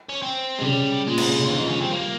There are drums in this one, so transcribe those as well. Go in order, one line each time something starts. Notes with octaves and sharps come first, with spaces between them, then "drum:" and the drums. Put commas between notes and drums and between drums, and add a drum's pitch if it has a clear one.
C#4
C4
C3 G#3
C#3 G3
A#2 G#3
A#2, drum: cymbal
C3
C#3
D#3 F4
F3 D#4
F3 C#4
G3 C4
G3 A#3